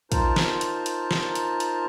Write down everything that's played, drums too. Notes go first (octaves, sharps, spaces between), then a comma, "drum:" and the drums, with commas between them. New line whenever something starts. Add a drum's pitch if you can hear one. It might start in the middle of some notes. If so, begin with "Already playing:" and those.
D#4 F4 A#4 C5 A5 A#5, drum: kick, hi-hat
drum: snare
drum: hi-hat
drum: hi-hat
drum: snare
drum: hi-hat
drum: hi-hat